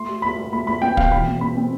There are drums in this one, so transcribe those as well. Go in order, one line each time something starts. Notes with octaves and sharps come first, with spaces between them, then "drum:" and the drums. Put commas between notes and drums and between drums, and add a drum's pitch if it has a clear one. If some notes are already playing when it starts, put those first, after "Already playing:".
Already playing: A3 C6
G4
A3 B5
G4
A3 B5
A3 B5
C4 G5
B2 F5, drum: kick
E3 B5
C4
C4 B5
C4